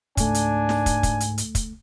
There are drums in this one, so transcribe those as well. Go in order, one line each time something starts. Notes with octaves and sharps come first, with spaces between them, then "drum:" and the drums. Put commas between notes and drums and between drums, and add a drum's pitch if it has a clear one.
C#2 G#2 A3 D4 G#5, drum: kick, hi-hat
drum: hi-hat
drum: snare
drum: kick, hi-hat
drum: kick, hi-hat
drum: hi-hat
drum: hi-hat
drum: kick, hi-hat